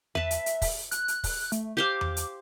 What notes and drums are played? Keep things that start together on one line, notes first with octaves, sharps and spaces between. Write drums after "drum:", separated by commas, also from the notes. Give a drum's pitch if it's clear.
B4 E5 A5, drum: tom E2
drum: hi-hat
drum: hi-hat
drum: kick, open hi-hat
F#6, drum: hi-hat
drum: hi-hat
drum: kick, open hi-hat
A3, drum: hi-hat
G4 C5 F5 D6
drum: tom E2
drum: hi-hat